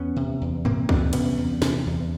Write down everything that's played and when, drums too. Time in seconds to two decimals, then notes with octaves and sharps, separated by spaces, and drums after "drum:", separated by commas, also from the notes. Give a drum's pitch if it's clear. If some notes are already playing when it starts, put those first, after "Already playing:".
Already playing: E2 B3 C#4
0.16 C3
0.41 E2
0.65 C3 A#3 C4, drum: tom G2
0.89 E2 C4 D4, drum: kick
1.13 C3 B3 C#4, drum: cymbal
1.37 E2
1.62 C3, drum: snare
1.86 E2